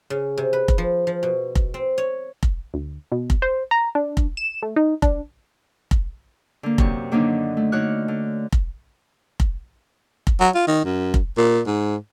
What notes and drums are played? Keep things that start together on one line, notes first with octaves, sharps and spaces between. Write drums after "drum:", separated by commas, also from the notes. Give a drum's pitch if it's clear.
C#3
C3
B4
drum: kick F1
F3
F3
B2
drum: kick F1
C4
C#5
drum: kick F1
D2
B2
drum: kick F1
C5
A#5
D4
drum: kick F1
E7
A3
D#4
D4, drum: kick F1
drum: kick F1
D3 A#3
F#2 C3 C#6, drum: kick F1
D3 D#3 F#3 A#3 D4 D#4
A3
D3 D#4 F#4 C#5 F6 F#6
D3
drum: kick F1
drum: kick F1
drum: kick F1
F#3
F4
D#3
F#2
drum: kick F1
A#2
G#2